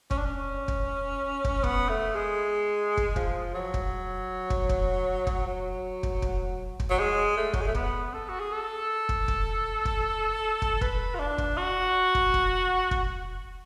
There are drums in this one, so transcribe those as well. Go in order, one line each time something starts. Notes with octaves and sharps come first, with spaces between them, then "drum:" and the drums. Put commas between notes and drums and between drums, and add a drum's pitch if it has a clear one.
C#4, drum: kick
D4
C#4
drum: kick
drum: kick
B3, drum: kick
A3
G#3
drum: kick
F3, drum: kick
F#3
drum: kick
drum: kick
drum: kick
drum: kick
F#3
drum: kick
drum: kick
drum: kick
F#3
G#3
A3
F#3, drum: kick
G#3
A3
B3, drum: kick
A4
F#4
G#4
A4
drum: kick
drum: kick
drum: kick
drum: kick
B4, drum: kick
F4
D4
drum: kick
F#4
drum: kick
drum: kick
drum: kick